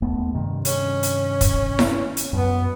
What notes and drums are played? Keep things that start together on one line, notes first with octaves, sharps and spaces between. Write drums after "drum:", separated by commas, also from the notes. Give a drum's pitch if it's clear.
D#2 A3 B3
G2 C3 D#3
C#4, drum: hi-hat
drum: hi-hat
drum: kick, hi-hat
drum: snare E4
drum: hi-hat
F#2 B3